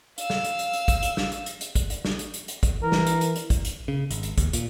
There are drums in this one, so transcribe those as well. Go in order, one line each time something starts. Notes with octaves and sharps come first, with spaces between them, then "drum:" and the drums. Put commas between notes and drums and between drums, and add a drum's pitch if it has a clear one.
F5 E6, drum: hi-hat
drum: snare
drum: hi-hat
drum: hi-hat
drum: hi-hat
drum: kick, hi-hat
drum: hi-hat
drum: snare
drum: hi-hat
drum: hi-hat
drum: hi-hat
drum: kick, hi-hat
drum: hi-hat
drum: snare
drum: hi-hat
drum: hi-hat
drum: hi-hat
drum: kick, hi-hat
E3 A#4
drum: snare
drum: hi-hat
drum: hi-hat
drum: hi-hat
drum: kick, hi-hat
drum: hi-hat
C#3
G#1, drum: hi-hat
drum: hi-hat
D#2, drum: kick, hi-hat
A#2, drum: hi-hat